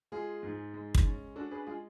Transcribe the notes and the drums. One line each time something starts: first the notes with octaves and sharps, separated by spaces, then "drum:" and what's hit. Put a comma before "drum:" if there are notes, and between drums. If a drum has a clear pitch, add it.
G#3 F4 G#4
G#2
G#3
drum: kick
C#4
D4 F#4 A4
G#4 B4
G#3 F4 G#4